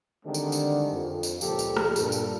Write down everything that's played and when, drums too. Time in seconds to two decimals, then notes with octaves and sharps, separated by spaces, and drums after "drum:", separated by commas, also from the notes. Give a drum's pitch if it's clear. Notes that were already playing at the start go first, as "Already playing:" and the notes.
0.25 D3 D#3 G3 G#3 C4 D4
0.34 drum: tambourine
0.52 drum: tambourine
0.93 F2
1.23 drum: tambourine
1.41 C#2 A#2 F3 G4 A4, drum: tambourine
1.59 drum: tambourine
1.77 drum: rim click
1.96 G2 A#2 A4, drum: tambourine
2.12 drum: tambourine